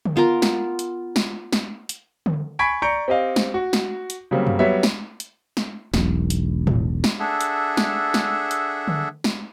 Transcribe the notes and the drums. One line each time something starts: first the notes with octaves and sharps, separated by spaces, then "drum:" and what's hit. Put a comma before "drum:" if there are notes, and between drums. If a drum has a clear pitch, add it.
drum: tom D3
B3 F4 A#4 A#5
drum: snare
drum: hi-hat
drum: snare
drum: snare
drum: hi-hat
drum: tom D3
G#5 B5 C#6 G#6 B6 D7
D5 A#5 C#6 G6 C#7 D7
C4 G4 D#5 F5
drum: snare
F#4
drum: snare
drum: hi-hat
C#3 F#3 G3 A#3 C4
drum: tom F#2
F#3 G3 B3 C#5 E5
drum: snare
drum: hi-hat
drum: snare
E1 B1, drum: snare
drum: hi-hat
drum: tom A2
drum: snare
D4 G#4 A4 E5 F#5
drum: hi-hat
drum: snare
drum: snare
drum: hi-hat
drum: tom D3
drum: snare